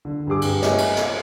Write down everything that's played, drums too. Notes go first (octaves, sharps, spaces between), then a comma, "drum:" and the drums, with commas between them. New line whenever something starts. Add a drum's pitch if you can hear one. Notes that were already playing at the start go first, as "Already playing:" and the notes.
D3
G2 G4 G#4 D6
drum: cymbal
C#5 D#5 E5 G#5, drum: snare
drum: cymbal
drum: snare